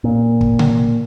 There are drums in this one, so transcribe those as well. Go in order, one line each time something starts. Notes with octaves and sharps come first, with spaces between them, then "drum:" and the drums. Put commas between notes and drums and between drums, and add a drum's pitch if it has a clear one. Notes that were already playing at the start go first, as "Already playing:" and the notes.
A#2
drum: kick
drum: tom C3